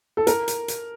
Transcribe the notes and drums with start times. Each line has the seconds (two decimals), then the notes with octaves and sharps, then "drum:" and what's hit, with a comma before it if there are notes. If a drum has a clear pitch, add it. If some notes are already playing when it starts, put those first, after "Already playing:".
0.17 A4
0.27 A#4, drum: hi-hat
0.48 drum: hi-hat
0.68 drum: hi-hat